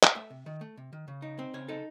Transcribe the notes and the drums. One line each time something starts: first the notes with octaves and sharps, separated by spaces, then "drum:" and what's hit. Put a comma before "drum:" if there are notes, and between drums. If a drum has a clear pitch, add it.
drum: clap
A3 E5
C3
D#3
A3
C3
D#3
C#3
D#4
C4
C#3 C#5
D#4 A4